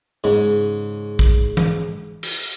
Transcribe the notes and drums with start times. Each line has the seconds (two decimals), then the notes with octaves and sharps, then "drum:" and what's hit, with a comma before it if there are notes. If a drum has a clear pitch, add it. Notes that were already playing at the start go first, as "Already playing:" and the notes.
0.24 G#2 C#3
1.19 drum: kick A#1
1.57 drum: tom E3
2.23 drum: cymbal